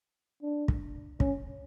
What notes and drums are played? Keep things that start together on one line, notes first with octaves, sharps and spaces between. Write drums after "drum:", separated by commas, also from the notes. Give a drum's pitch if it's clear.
D4
drum: kick
C#4, drum: kick